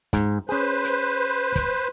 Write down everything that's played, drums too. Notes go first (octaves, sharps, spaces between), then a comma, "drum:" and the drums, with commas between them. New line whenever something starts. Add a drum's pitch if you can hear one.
G#2, drum: kick, hi-hat
C#4 G#4 B4 C5
drum: hi-hat
drum: kick, hi-hat